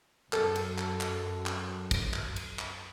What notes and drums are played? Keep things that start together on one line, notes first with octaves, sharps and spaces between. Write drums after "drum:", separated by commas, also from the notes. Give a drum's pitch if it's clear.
F#2 A4, drum: clap
drum: cymbal
drum: clap
drum: clap
drum: clap
drum: kick, cymbal
drum: clap
drum: cymbal
drum: clap